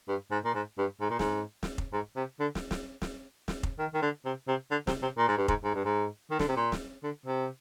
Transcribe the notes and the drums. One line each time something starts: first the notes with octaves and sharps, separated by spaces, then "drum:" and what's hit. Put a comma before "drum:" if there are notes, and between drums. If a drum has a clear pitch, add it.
G2
G#2
A#2
G#2
G2
G#2
A#2
G#2, drum: snare
drum: snare
drum: kick F1
G#2
C3
D3
drum: snare
drum: snare
drum: snare
drum: snare
drum: kick F1
D#3
D#3
D3
C3
C3
D3
C3, drum: snare
C3
A#2
G#2
G2
G#2, drum: kick F1
G#2
G2
G#2
D#3
D3, drum: snare
C3
A#2
drum: snare
D3
C3